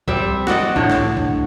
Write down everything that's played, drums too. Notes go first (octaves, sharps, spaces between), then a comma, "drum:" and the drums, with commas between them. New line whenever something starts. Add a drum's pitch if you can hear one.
G3 C4 E5, drum: kick
F#4 D5 D#5 F#5, drum: snare
A2 D3 C#5, drum: kick
drum: snare
drum: kick